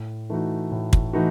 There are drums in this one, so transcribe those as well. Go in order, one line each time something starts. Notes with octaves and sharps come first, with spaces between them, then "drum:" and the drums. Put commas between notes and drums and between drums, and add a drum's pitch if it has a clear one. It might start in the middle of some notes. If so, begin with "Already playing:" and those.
Already playing: A2
E3 A3 D#4 F#4
A2
drum: kick
E3 A3 D#4 F#4